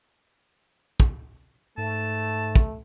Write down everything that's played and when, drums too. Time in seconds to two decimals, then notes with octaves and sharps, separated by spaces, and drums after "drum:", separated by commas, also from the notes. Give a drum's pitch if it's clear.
1.00 drum: kick
1.78 G#2 A3 A5
2.56 drum: kick